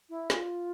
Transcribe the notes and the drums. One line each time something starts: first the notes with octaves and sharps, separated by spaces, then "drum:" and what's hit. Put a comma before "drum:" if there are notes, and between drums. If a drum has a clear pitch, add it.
E4
F4, drum: snare